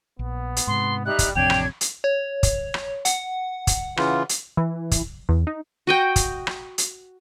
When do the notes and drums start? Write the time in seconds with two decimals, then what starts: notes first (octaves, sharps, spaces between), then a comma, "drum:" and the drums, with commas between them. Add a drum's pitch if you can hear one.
0.19 A#1 B3
0.56 drum: hi-hat
0.67 G#2 C3 C6
1.05 G3 D#4 G4 E5 F#6
1.19 drum: kick, hi-hat
1.35 A1 F2 C3 D4 C#5 G5 G#6 F7
1.50 drum: rim click
1.81 drum: hi-hat
2.04 C#5
2.43 drum: kick, hi-hat
2.74 drum: rim click
3.05 F#5, drum: hi-hat
3.67 drum: kick, hi-hat
3.97 C#3 E3 F4, drum: rim click
4.29 drum: hi-hat
4.57 E3
4.91 drum: kick, hi-hat
5.29 E2
5.47 D#4
5.87 F#4 D#5 G5
6.16 drum: kick, hi-hat
6.47 drum: rim click
6.78 drum: hi-hat